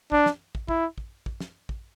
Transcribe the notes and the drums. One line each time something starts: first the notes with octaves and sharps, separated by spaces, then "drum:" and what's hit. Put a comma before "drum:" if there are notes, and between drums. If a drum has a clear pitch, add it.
D4, drum: kick
drum: snare
drum: kick
E4, drum: kick
drum: kick
drum: kick
drum: snare
drum: kick